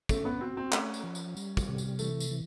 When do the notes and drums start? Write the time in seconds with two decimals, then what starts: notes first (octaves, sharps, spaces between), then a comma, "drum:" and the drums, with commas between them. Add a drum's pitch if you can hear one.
0.09 A3 C#4, drum: kick, tambourine
0.25 B3
0.41 C4 F#4
0.57 C4
0.72 A3 C#4, drum: clap
0.94 drum: tambourine
1.04 F3
1.15 drum: tambourine
1.37 G3, drum: tambourine
1.57 drum: kick, tambourine
1.68 C3
1.78 drum: tambourine
1.99 E3 A3, drum: tambourine
2.20 drum: tambourine
2.31 E3